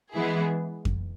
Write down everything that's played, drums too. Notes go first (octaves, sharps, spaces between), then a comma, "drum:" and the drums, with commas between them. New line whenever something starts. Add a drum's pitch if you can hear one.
E3 G#3 B3 E4 G#4
drum: kick F2